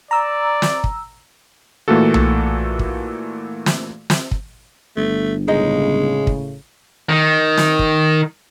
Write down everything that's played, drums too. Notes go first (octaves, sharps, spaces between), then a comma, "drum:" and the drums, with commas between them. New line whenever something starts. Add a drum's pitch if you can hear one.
D5 A#5 E6
drum: snare
drum: kick
A#2 E3 A3 A#3 F#4 A4
drum: tom B1
drum: kick
drum: snare
drum: snare
drum: kick
G1 A3
A2 C#3 G#3 D#4 D#5
drum: kick
D#3
drum: snare
drum: kick